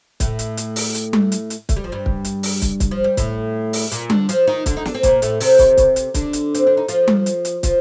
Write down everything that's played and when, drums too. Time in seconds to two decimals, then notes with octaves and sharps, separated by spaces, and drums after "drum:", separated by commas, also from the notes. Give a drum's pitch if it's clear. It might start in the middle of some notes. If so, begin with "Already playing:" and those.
0.20 A2 A3, drum: kick, hi-hat
0.39 drum: hi-hat
0.57 drum: hi-hat
0.76 drum: open hi-hat
0.94 drum: hi-hat
1.13 drum: tom G3
1.32 drum: hi-hat
1.50 drum: hi-hat
1.69 A3, drum: kick, hi-hat
1.76 G3
1.84 F3
1.92 G2 G3
2.06 drum: kick
2.25 drum: hi-hat
2.43 drum: open hi-hat
2.62 drum: kick, hi-hat
2.80 drum: kick, hi-hat
2.91 F3
3.04 G3
3.17 A2 A3, drum: kick, hi-hat
3.73 drum: open hi-hat
3.91 A#2 A#3, drum: hi-hat
4.10 D3 D4, drum: tom G3
4.29 F3 F4, drum: hi-hat
4.47 D#3 D#4
4.66 D3 D4, drum: kick, hi-hat
4.77 D#4
4.85 D4, drum: snare
4.95 C4
5.03 A#2 A#3, drum: kick, hi-hat
5.22 A2 A3, drum: hi-hat
5.40 C3 C4, drum: open hi-hat
5.59 drum: kick, hi-hat
5.77 drum: kick, hi-hat
5.96 drum: hi-hat
6.14 D3 D4, drum: kick, hi-hat
6.33 drum: hi-hat
6.54 C4, drum: hi-hat
6.67 D4
6.77 D#4
6.88 F3 F4, drum: hi-hat
7.08 drum: tom G3
7.26 drum: hi-hat
7.45 drum: hi-hat
7.63 F3 F4, drum: kick, hi-hat